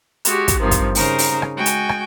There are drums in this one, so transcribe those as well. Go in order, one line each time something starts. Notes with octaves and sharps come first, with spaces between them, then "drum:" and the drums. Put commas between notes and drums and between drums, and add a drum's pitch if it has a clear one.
G#3 F#4 G4, drum: hi-hat
drum: kick, hi-hat
G2 C3 D#3 F3
drum: kick, hi-hat
C#3 D#4 A#4 C5, drum: open hi-hat
drum: open hi-hat
drum: rim click
G#3 F#4 G5 G#5
drum: hi-hat
drum: rim click